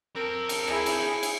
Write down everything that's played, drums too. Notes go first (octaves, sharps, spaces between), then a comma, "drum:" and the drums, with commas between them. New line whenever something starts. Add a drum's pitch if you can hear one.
C4 A4 A#4
drum: cymbal
E4 G#4, drum: rim click
drum: cymbal
drum: cymbal